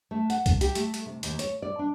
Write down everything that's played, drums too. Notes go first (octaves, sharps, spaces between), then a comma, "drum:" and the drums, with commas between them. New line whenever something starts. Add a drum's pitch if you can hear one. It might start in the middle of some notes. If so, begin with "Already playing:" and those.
A3
F#5, drum: hi-hat
drum: kick C2, hi-hat
G4, drum: hi-hat
A3, drum: hi-hat
drum: hi-hat
C3
D#2, drum: hi-hat
C#5, drum: hi-hat
D5
D4